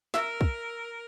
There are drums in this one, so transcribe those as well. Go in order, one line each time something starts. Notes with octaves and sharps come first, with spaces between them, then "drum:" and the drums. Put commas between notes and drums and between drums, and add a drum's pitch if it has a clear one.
A#4 E5, drum: snare
drum: kick